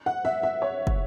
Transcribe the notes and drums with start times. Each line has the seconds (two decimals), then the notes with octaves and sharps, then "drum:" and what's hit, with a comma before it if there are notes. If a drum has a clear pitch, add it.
0.06 F#5
0.25 E5
0.43 E5
0.62 C#5
0.87 drum: kick